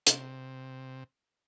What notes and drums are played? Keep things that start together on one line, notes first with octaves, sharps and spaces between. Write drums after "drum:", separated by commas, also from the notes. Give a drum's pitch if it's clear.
C3, drum: hi-hat